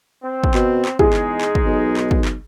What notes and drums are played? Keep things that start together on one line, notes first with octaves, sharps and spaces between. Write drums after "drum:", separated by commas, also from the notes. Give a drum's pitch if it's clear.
C4
drum: kick
B2, drum: clap
drum: clap
E2 G#3 D#4 G#4, drum: kick
drum: clap
drum: clap
drum: kick
B1
drum: clap
drum: kick
drum: clap